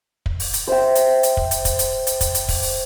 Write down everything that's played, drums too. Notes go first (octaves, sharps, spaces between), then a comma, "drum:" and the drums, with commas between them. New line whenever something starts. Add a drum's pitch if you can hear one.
drum: kick
drum: open hi-hat
drum: hi-hat
C5 E5 G5
drum: hi-hat
drum: hi-hat
drum: kick
drum: hi-hat
drum: kick, hi-hat
drum: hi-hat
drum: hi-hat
drum: kick, hi-hat
drum: hi-hat
drum: kick, open hi-hat
drum: open hi-hat